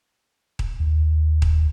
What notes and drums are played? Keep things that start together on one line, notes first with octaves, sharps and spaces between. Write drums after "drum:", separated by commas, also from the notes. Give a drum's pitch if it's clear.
drum: kick D#1
D#2
drum: kick D#1